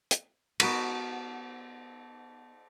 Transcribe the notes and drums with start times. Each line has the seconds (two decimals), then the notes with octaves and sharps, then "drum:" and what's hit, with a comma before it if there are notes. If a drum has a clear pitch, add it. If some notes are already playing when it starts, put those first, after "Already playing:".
0.11 drum: hi-hat
0.60 B3 F#4 A#4 B4, drum: cymbal